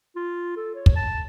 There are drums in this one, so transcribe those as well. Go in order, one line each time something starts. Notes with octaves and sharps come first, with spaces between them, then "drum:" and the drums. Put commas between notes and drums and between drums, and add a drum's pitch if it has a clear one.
F4
A4
C#5
drum: kick
A5